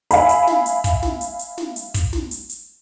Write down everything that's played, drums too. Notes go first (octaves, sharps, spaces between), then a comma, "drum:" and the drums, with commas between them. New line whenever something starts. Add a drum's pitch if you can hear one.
E5 F5 G#5 B5, drum: hi-hat
drum: hi-hat
drum: snare
drum: hi-hat
drum: kick, hi-hat
drum: snare
drum: hi-hat
drum: hi-hat
drum: snare
drum: hi-hat
drum: kick, hi-hat
drum: snare
drum: hi-hat
drum: hi-hat